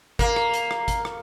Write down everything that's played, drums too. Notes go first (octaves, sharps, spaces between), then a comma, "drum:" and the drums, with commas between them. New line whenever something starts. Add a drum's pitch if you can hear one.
A#3, drum: kick G#1, hi-hat
drum: rim click
drum: hi-hat
drum: rim click
drum: kick G#1, hi-hat
drum: rim click